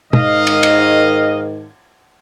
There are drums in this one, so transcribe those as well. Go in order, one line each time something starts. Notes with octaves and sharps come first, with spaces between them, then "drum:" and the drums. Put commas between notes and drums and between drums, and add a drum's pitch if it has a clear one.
G#2 D#3 D#5 F5, drum: tom
drum: cymbal
drum: cymbal